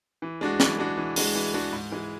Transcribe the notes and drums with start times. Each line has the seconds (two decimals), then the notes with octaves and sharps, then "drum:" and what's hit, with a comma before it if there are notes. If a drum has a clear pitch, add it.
0.22 E3
0.41 G#3 D4 F#4
0.60 E3, drum: snare
0.79 G#3 D4 F#4
0.97 E3
1.16 G#3 D4 F#4, drum: open hi-hat
1.35 E3
1.54 G#3 D4 F#4
1.73 G#2
1.92 E3 G#3